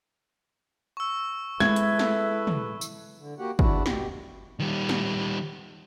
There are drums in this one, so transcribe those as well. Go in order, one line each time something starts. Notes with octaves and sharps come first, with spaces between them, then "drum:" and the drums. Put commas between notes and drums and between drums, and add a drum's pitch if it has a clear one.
C#6 E6
G#3 E4 A4 B4 G#6, drum: snare
drum: hi-hat
drum: snare
drum: tom
drum: tambourine
D3
A#3 F#4 G4 F#5
E2 D4 E4 F#4, drum: kick
B2 G4, drum: snare
D#3 G3
drum: snare